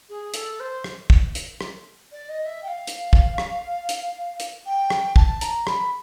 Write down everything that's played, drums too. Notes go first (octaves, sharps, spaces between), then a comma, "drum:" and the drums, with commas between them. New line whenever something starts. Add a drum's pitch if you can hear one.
G#4
A4, drum: hi-hat
C5
drum: rim click
drum: kick
drum: hi-hat
drum: rim click
D5
D#5
E5
G5
F5
drum: hi-hat
drum: kick
drum: rim click
drum: hi-hat
drum: hi-hat
G5
drum: rim click
A5, drum: kick
A#5, drum: hi-hat
B5, drum: rim click